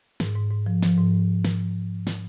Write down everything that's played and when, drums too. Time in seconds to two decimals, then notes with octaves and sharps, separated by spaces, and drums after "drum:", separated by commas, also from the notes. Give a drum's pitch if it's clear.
0.20 G#2, drum: snare
0.36 G#2
0.51 G#2
0.66 F3
0.83 F3, drum: snare
0.98 G#2
1.45 drum: snare
2.07 drum: snare